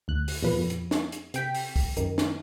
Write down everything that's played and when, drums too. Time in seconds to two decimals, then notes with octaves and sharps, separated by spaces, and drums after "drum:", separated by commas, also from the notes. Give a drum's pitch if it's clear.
0.08 D2 F#6
0.28 drum: open hi-hat
0.43 E2 A#2 F3 B4
0.59 F2
0.70 drum: hi-hat
0.91 drum: snare
1.12 drum: hi-hat
1.34 C3 G5 B6, drum: hi-hat
1.55 drum: open hi-hat
1.76 drum: kick, open hi-hat
1.97 F#2 D#3, drum: hi-hat
2.18 drum: snare